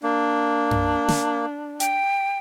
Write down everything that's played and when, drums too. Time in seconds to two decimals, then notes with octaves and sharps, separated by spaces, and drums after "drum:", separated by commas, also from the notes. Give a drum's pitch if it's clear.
0.03 A#3 D4
0.71 drum: tom F#2
1.09 drum: snare
1.80 G5, drum: hi-hat